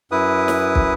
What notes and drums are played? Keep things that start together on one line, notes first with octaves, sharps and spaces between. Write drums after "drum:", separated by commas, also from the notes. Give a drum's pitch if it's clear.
F#2 E4 B4 D#6
drum: snare
drum: kick